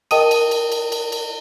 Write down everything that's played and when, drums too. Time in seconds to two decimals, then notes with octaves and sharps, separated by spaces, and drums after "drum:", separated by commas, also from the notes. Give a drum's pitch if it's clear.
0.11 A#4 D#5 G5 A5 D#6 D#7, drum: cymbal
0.31 drum: cymbal
0.51 drum: cymbal
0.72 drum: cymbal
0.92 drum: cymbal
1.12 drum: cymbal